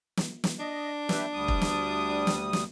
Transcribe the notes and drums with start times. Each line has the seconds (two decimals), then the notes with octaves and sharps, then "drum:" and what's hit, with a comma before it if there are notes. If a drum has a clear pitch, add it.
0.17 drum: snare
0.44 drum: snare
0.60 D4 D#5
1.09 G4 B4 E5, drum: snare
1.34 D2 G3 D#6
1.48 drum: kick E1
1.61 drum: snare
2.27 drum: snare
2.53 drum: snare